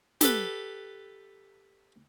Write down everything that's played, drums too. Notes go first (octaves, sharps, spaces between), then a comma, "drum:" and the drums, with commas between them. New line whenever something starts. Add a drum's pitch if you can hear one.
G4 A4 B4, drum: snare